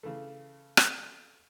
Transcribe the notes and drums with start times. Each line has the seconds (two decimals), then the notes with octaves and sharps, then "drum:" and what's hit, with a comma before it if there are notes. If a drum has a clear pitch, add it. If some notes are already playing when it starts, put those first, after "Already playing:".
0.03 C#3 E3 A3
0.77 drum: rim click